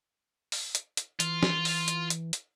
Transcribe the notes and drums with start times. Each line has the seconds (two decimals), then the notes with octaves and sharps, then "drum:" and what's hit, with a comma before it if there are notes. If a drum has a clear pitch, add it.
0.52 drum: open hi-hat
0.75 drum: hi-hat
0.97 drum: hi-hat
1.20 E3 F4, drum: hi-hat
1.43 drum: snare
1.65 drum: open hi-hat
1.88 drum: hi-hat
2.10 drum: hi-hat
2.33 drum: hi-hat